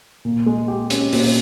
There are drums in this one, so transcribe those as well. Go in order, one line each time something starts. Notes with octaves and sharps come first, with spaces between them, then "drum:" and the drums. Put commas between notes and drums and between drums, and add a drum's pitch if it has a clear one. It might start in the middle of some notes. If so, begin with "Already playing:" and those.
A#2
G#3
G4
C#4, drum: hi-hat
A#2, drum: open hi-hat